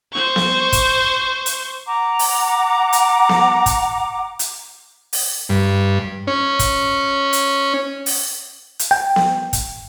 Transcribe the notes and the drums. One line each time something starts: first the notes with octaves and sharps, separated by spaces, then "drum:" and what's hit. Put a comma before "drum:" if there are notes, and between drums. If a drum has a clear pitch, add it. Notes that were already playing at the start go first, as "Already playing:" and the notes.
C5 C#6
drum: snare B3
drum: kick, hi-hat
drum: hi-hat
F#5 A#5 D6
drum: open hi-hat
drum: hi-hat
drum: snare B3
drum: kick, hi-hat
drum: hi-hat
drum: open hi-hat
G2
C#4
drum: kick, hi-hat
drum: hi-hat
drum: open hi-hat
drum: hi-hat
G5
drum: snare B3
drum: kick, hi-hat